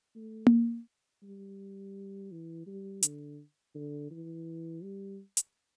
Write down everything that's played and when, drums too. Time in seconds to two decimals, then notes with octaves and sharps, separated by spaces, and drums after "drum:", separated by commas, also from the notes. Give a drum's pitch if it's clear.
0.15 A3
0.47 drum: tom A#3
1.23 G3
2.32 E3
2.66 G3
3.03 D3, drum: hi-hat
3.75 D3
4.11 E3
4.83 G3
5.37 drum: hi-hat